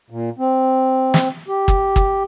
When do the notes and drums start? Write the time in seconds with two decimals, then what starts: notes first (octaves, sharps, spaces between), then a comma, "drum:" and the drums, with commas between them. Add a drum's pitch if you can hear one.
0.10 A#2
0.39 C4
1.14 drum: snare
1.48 G4
1.68 drum: kick
1.96 drum: kick